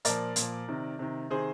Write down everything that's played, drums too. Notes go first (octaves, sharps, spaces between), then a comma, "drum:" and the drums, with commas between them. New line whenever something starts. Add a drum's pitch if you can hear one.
A#2 F3 A#4 D5, drum: hi-hat
A#2, drum: hi-hat
F3
C3 D#3
C3 D#3
C3 D#3 G#4 C5